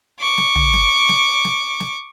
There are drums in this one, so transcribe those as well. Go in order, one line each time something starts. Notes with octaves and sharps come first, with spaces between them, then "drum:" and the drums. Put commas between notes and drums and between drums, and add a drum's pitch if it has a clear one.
C#6 D6
drum: snare
drum: tom
drum: snare
drum: snare
drum: snare
drum: snare